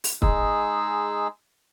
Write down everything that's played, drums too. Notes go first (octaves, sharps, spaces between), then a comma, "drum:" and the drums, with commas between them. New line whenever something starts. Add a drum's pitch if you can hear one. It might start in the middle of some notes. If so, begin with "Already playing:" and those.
drum: open hi-hat
G#3 D#4 G#4 E6, drum: kick